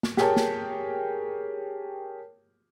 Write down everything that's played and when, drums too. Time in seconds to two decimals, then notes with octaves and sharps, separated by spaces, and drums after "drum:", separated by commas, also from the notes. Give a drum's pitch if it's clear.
0.03 drum: snare
0.17 G4 G#4 A#4 C#5 G5 A5, drum: snare
0.36 drum: snare